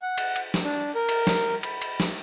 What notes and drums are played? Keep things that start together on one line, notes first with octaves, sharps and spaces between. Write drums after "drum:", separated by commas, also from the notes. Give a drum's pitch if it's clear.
F#5
drum: cymbal
drum: cymbal
drum: snare
D4
A#4
drum: cymbal
drum: snare
B5, drum: cymbal
drum: cymbal
drum: snare